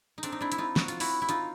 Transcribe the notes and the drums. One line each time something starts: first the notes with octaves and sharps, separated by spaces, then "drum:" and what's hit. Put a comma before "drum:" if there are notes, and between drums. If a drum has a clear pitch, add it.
D#4
C4 D4, drum: hi-hat
D#4
D4 E4
E4, drum: hi-hat
D#4 F4
F#4, drum: snare
F4, drum: hi-hat
E4 F#4, drum: open hi-hat
E4
D#4 F4, drum: hi-hat